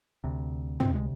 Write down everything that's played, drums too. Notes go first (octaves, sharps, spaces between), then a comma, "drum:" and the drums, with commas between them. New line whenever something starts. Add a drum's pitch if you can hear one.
D2 C3
D2 C3 C4, drum: tom
G#3